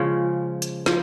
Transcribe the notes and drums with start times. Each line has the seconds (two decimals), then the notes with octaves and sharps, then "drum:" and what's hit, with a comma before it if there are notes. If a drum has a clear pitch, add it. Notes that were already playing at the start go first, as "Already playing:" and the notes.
Already playing: C#3 F3 G#3 C#4
0.62 drum: hi-hat
0.86 F3, drum: snare